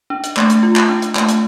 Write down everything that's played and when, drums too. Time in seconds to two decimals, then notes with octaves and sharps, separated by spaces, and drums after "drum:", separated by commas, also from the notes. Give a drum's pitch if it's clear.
0.10 D4
0.24 drum: hi-hat
0.37 A3, drum: clap
0.50 drum: hi-hat
0.63 F4
0.76 drum: clap
0.89 D4
1.02 drum: hi-hat
1.16 A3, drum: clap
1.29 drum: hi-hat